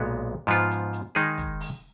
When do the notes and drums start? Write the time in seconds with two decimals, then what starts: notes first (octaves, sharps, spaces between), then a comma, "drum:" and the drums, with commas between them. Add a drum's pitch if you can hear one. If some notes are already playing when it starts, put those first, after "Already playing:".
Already playing: B1 A#2 G#3 B3
0.47 G#2 F3 B3 F4, drum: hi-hat
0.70 drum: hi-hat
0.93 drum: hi-hat
1.15 D#3 G#3 D#4 G#4, drum: hi-hat
1.38 drum: kick, hi-hat
1.61 drum: open hi-hat